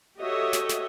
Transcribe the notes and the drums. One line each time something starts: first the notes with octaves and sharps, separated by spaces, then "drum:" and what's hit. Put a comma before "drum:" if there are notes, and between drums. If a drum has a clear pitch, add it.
F#4 G4 A4 C#5 D#5 E5
drum: snare
drum: snare